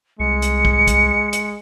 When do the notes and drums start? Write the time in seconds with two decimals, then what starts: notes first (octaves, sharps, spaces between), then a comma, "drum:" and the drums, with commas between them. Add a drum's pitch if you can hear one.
0.19 C2 G#3 C#7
0.42 drum: hi-hat
0.65 drum: kick
0.87 drum: kick, hi-hat
1.33 drum: hi-hat